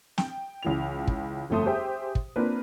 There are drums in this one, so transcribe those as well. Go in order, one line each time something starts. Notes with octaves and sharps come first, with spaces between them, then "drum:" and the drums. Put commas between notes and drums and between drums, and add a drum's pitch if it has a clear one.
G5, drum: snare
C#2 E3 F7
drum: kick
G1 F2 A3 C6 D#6
G4 G#4 C5 E5 G5
drum: kick
A#3 C4 D4 F4 B4